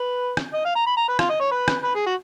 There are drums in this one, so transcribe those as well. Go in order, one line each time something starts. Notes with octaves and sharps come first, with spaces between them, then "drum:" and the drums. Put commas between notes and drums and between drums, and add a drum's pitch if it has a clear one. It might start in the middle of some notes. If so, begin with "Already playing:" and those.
Already playing: B4
drum: rim click
D#5
F5
A#5
B5
A#5
B4
F4, drum: rim click
D#5
C#5
B4
drum: rim click
B4
G#4
F#4